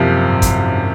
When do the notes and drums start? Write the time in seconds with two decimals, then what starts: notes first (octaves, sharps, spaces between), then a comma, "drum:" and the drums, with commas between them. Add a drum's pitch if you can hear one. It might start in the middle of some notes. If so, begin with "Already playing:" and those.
Already playing: C2 F#2 C3 F3 A#3
0.22 G#2
0.42 drum: kick G#1, hi-hat